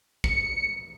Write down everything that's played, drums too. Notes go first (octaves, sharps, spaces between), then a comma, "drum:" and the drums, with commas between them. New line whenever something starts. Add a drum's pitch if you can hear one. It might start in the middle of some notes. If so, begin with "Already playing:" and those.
C#7, drum: kick